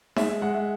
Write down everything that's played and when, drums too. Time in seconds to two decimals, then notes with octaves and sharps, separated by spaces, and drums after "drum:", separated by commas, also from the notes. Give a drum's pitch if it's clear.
0.16 G#3 E5, drum: snare D#4
0.42 G#3 F#5
0.54 E5